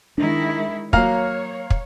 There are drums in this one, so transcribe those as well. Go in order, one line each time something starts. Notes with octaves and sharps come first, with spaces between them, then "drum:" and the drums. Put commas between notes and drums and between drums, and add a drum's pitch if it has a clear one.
D#3 G#3 D4 E4
F#3 A#3 C#5 F5 A#5 F6, drum: kick
drum: kick